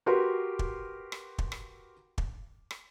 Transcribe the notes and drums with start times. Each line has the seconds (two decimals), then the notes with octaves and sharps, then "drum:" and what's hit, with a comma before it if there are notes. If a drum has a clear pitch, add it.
0.06 F#4 G4 A#4 B4 C6
0.59 drum: kick
1.12 drum: rim click
1.38 drum: kick
1.52 drum: rim click
2.18 drum: kick
2.71 drum: rim click